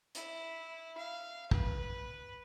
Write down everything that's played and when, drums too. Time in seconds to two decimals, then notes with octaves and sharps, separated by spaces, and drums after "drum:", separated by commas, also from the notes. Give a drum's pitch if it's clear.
0.15 E4, drum: hi-hat
0.97 F5
1.51 B4, drum: kick